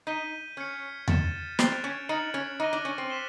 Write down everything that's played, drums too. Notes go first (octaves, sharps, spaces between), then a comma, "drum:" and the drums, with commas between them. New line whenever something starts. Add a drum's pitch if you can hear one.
D#4 G6 B6 D#7 G7
C#4 F6 G#6 C#7
A6 C#7 E7 G7, drum: tom E2
C4 F#6 A6 D7 F7, drum: snare
C#4
D#4 F6 A6 C#7 F#7
C#4
D#4 D6 F#6 A#6 D#7 G7
D4
C#4
C4
B6 E7 G7